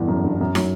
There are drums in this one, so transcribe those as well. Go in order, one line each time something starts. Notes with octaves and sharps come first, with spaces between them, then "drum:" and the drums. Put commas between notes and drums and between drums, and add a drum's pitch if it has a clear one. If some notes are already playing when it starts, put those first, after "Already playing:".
Already playing: G1 E2 G2
F#2
G1 G2
F#2
F#3, drum: snare